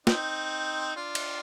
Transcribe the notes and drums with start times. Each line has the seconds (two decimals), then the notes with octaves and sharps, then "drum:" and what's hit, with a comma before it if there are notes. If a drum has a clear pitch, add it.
0.07 C4 D#4, drum: snare
0.96 D4 F4
1.15 drum: cymbal